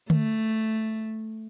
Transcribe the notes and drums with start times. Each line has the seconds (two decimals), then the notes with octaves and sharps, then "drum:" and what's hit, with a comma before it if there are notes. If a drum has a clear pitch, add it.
0.10 A3, drum: tom D3